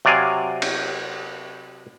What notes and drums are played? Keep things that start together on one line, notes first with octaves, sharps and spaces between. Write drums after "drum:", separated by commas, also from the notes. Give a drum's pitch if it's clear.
C3 F#3 D5 F5 G#5
drum: cymbal